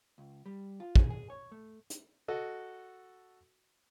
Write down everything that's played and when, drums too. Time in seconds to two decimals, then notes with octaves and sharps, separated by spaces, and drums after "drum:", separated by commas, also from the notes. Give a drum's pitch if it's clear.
0.18 C#2
0.46 G3
0.80 F4
0.96 G#4, drum: kick
1.10 G#4
1.30 C#5
1.52 A3
1.90 drum: hi-hat
2.28 F#4 A4 D#5